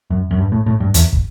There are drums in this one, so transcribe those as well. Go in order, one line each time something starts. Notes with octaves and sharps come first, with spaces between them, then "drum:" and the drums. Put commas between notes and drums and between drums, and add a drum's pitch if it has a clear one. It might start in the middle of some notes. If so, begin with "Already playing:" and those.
F#2
F#2
G2
A2
A2
G2
E2, drum: hi-hat
drum: kick